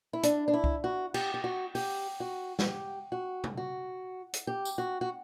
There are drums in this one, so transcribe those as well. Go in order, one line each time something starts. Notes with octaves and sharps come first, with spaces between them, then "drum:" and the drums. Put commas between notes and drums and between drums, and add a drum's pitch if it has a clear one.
E4
D4, drum: hi-hat
D4
E4
drum: kick
F#4
G4, drum: cymbal
G4
F#4
G4, drum: open hi-hat
F#4
F#4, drum: snare
G4
F#4
drum: tom
F#4
drum: hi-hat
G4
drum: tambourine
F#4
F#4